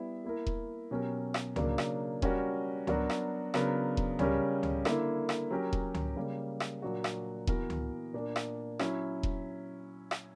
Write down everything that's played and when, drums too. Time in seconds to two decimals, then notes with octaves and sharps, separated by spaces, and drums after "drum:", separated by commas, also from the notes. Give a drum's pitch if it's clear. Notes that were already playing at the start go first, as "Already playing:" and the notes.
Already playing: G3 B3 E4 B4
0.25 A#3 E4 A#4
0.47 drum: kick E1
0.91 B2 F#3 C#4 G4 A#4
1.34 drum: rim click
1.56 C#3 F#3 A#3 D4, drum: tom C#2
1.78 drum: rim click
2.22 G3 C#4 F#4 A#4, drum: kick E1
2.87 F#3 B3 D4 F#4 A#4, drum: tom C#2
3.10 drum: rim click
3.54 C#3 F#3 B3 D4 A#4, drum: rim click
3.97 drum: kick E1
4.19 C#3 G3 C#4 G4 A#4, drum: tom C#2
4.63 drum: tom C#2
4.85 D3 A#3 E4, drum: rim click
5.29 drum: rim click
5.51 F#3 C#4 G4 A#4
5.73 drum: kick E1
5.95 drum: tom C#2
6.16 C#3 G3 A#3
6.60 drum: rim click
6.82 A#2 F#3 A#3 D4 F#4
7.04 drum: rim click
7.47 E3 B3 F#4 A#4, drum: kick E1
7.70 drum: tom C#2
8.13 A#2 A#3 D4
8.36 drum: rim click
8.79 F#3 C#4 E4, drum: rim click
9.23 drum: kick E1
10.11 drum: rim click